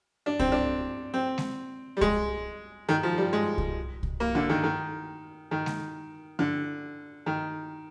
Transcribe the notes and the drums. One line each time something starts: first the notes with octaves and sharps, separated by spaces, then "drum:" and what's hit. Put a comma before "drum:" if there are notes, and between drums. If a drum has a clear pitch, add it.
D4
C4, drum: kick C2
D4
C4
drum: snare G#3
G3
G#3, drum: kick C2
D#3
F3
G3
G#3
drum: kick C2
drum: kick C2
A#3
D3
D#3
D#3
D#3
drum: snare G#3
D3
D#3